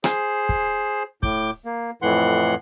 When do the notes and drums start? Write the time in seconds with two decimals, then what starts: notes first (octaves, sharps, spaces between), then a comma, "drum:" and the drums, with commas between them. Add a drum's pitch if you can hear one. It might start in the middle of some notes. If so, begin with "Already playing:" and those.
0.04 G#4 C5, drum: rim click
0.49 drum: kick
1.23 A2 D6 G6, drum: kick
1.65 A#3
2.02 F2 A2 E3 F#5 C6